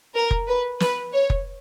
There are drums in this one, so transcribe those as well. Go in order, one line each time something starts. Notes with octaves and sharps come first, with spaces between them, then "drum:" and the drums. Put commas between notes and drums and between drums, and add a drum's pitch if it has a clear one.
A#4
drum: kick F1
B4
B4, drum: snare
C#5
drum: kick F1